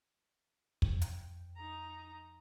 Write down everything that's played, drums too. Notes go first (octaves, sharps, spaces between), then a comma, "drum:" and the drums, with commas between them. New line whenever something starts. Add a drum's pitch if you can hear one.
F2 G5, drum: kick
drum: hi-hat
D#4 A#5